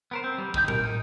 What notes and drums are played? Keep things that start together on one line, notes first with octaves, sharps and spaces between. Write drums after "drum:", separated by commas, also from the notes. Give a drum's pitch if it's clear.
B3 A#4 C5
C4
G3
D3 D#4 G4 G6, drum: kick
A#4, drum: tom A2
D#4